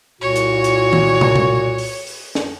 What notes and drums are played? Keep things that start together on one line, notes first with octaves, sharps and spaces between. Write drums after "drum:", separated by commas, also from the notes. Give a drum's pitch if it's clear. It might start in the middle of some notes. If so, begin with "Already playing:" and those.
C2 A#2 F#4 C#5
drum: hi-hat
drum: hi-hat
drum: tom D#3
drum: tom
drum: tom B2
drum: open hi-hat
drum: open hi-hat
drum: snare